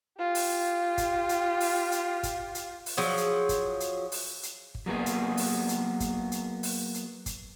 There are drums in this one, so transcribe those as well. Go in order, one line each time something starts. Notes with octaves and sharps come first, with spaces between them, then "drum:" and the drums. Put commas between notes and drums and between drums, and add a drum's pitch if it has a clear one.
F4 G4
drum: open hi-hat
drum: kick G1, hi-hat
drum: hi-hat
drum: open hi-hat
drum: hi-hat
drum: kick G1, hi-hat
drum: hi-hat
drum: open hi-hat
F3 F#3 G#4
drum: hi-hat
drum: kick G1, hi-hat
drum: hi-hat
drum: open hi-hat
drum: hi-hat
drum: kick G1
F#3 A#3 B3 G#4
drum: hi-hat
drum: open hi-hat
drum: hi-hat
drum: kick G1, hi-hat
drum: hi-hat
drum: open hi-hat
drum: hi-hat
drum: kick G1, hi-hat